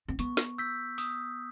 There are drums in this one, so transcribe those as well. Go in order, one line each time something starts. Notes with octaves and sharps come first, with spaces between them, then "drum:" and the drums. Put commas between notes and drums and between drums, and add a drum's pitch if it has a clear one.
C4
B3 C#6, drum: hi-hat
drum: snare
E6 G6 B6
D#6, drum: open hi-hat